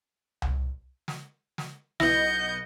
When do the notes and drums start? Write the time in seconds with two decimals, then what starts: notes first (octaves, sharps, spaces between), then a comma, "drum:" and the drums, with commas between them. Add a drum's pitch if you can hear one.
0.42 drum: tom C2
1.08 drum: snare
1.58 drum: snare
2.00 B1 B3 E4 D#5 G6 A#6 C#7, drum: snare